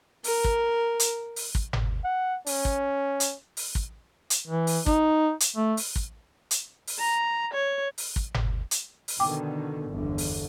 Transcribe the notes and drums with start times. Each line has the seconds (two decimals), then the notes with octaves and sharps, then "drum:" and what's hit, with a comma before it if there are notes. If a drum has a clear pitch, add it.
0.24 A#4, drum: open hi-hat
0.44 drum: kick
1.00 drum: hi-hat
1.36 drum: open hi-hat
1.55 drum: kick
1.73 drum: tom G1
2.04 F#5
2.47 C#4, drum: open hi-hat
2.65 drum: kick
3.20 drum: hi-hat
3.57 drum: open hi-hat
3.75 drum: kick
4.30 drum: hi-hat
4.47 E3
4.67 drum: open hi-hat
4.86 D#4, drum: kick
5.40 drum: hi-hat
5.56 A3
5.77 drum: open hi-hat
5.96 drum: kick
6.51 drum: hi-hat
6.87 drum: open hi-hat
6.99 A#5
7.54 C#5
7.98 drum: open hi-hat
8.16 drum: kick
8.34 drum: tom G1
8.71 drum: hi-hat
9.08 drum: open hi-hat
9.20 B2 D3 D#3 G5 D6
9.88 G1 E2 D3
10.18 drum: open hi-hat